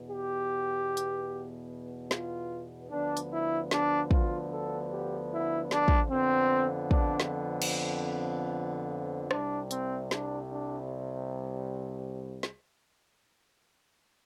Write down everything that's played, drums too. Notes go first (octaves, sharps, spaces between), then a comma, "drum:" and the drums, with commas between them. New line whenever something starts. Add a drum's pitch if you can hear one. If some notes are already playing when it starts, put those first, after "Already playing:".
Already playing: E2 B2 B3
G4
drum: hi-hat
F4, drum: snare
D2 D3 F3 B3 D4
drum: hi-hat
E4
D4, drum: snare
F4, drum: kick
A4
G4
E4
D4, drum: snare
drum: kick
F2 D3 F3 B3 C4
D4, drum: kick
drum: snare
C4
drum: cymbal
C2 C3 G3 D4, drum: rim click
C4, drum: hi-hat
D4, drum: snare
D4
drum: snare